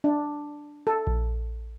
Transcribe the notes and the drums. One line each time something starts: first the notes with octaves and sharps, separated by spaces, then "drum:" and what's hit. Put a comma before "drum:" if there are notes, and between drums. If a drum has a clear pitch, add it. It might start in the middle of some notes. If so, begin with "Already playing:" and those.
D4
A4
drum: kick A#1